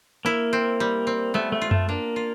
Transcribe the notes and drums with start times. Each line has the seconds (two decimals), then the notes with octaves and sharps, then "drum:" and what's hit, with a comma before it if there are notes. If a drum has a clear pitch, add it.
0.25 A#3 E4
0.53 C4
0.80 G3
1.07 C4
1.34 A3 B3
1.52 A3
1.62 F4
1.71 A3, drum: tom F#2
1.89 A#3 D4
2.16 F4